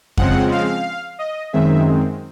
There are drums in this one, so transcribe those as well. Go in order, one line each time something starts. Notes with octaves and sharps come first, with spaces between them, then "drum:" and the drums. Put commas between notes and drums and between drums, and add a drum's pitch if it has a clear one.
C#3 F3 G#3 C4 F#5, drum: kick F2
F5
D#5
F#2 D#3 G#3 C4 E5